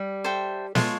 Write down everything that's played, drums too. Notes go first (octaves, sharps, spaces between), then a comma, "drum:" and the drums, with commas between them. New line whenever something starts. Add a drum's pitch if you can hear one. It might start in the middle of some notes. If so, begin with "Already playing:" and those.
Already playing: G3
A4 C5 E5 G5
G#3 F4 A4 C#5, drum: snare